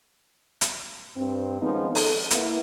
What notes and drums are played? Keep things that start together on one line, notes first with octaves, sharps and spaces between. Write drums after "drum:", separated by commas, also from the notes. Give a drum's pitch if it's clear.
drum: hi-hat
G2 C4
D#3 F3 G#3 B3 C#4 D#4
A4, drum: open hi-hat
A#3 B3 E4, drum: hi-hat